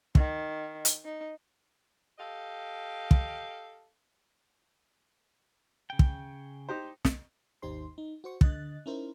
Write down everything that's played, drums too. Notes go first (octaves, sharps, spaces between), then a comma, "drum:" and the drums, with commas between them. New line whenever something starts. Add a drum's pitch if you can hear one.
D#3, drum: kick
drum: hi-hat
D#4
G4 A4 D#5 F5
drum: kick
C#3 G5
drum: kick
D#4 G4 C5
drum: snare
G#1 D#2 D#4 G4 C5 C6
D#4
F#4 C5 C#6
D3 D#5 F#6 A6, drum: kick
C#4 D#4 E4 A#4 C5